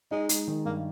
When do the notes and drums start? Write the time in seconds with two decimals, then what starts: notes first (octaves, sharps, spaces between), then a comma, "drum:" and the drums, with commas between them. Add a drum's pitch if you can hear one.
0.11 G#3 D#4
0.29 G#3, drum: hi-hat
0.48 D#3
0.65 G2 A#3